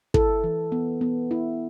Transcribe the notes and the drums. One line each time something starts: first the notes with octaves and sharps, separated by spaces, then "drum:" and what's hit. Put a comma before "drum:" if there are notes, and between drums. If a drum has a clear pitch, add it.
E4 A4, drum: kick
E3
B3
B3
E4